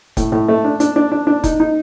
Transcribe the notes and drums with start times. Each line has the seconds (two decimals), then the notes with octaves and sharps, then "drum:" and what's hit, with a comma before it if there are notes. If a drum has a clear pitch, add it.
0.17 A2, drum: kick F1, hi-hat
0.32 A2
0.48 A3
0.64 D4
0.80 D4, drum: hi-hat
0.96 D4
1.12 D4
1.27 D4
1.44 D#4, drum: kick F1, hi-hat
1.60 D#4